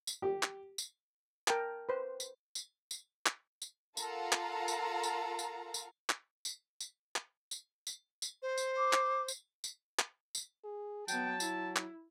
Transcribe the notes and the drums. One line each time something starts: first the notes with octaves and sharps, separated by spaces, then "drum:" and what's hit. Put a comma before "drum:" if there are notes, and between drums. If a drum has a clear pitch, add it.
drum: tambourine
G4
drum: clap
drum: tambourine
A#4 G5 A5, drum: clap
B4 C5
drum: tambourine
drum: tambourine
drum: tambourine
drum: clap
drum: tambourine
F4 A4 A#4 F5 F#5 A#5, drum: tambourine
drum: clap
drum: tambourine
drum: tambourine
drum: tambourine
drum: tambourine
drum: clap
drum: tambourine
drum: tambourine
drum: clap
drum: tambourine
drum: tambourine
drum: tambourine
C5
drum: tambourine
D6
drum: clap
drum: tambourine
drum: tambourine
drum: clap
drum: tambourine
G#4
F#3 B3 G5 A5, drum: tambourine
E4, drum: tambourine
drum: clap